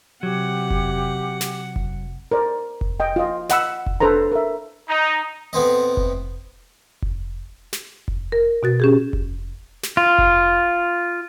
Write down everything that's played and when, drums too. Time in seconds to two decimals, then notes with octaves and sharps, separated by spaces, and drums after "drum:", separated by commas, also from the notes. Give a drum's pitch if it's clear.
0.23 C3 F#3 G4 F#5
0.70 drum: kick F1
1.41 drum: snare
1.76 drum: kick F1
2.31 A#4 C5 D5
2.81 drum: kick F1
3.00 D#5 G5
3.16 F4 D#5
3.49 D#5 F#5 B5 E6, drum: snare
3.86 drum: kick F1
4.00 D4 A4 B4 C5 A#5
4.32 A#4 E5
4.89 D#4
5.53 A2 B3 C4 D#5
5.97 drum: kick F1
7.02 drum: kick F1
7.73 drum: snare
8.08 drum: kick F1
8.32 A#4
8.63 B2 F#4 A6
8.80 C#4 G4 G#4
9.13 drum: kick F1
9.83 drum: snare
9.97 F4
10.18 drum: kick F1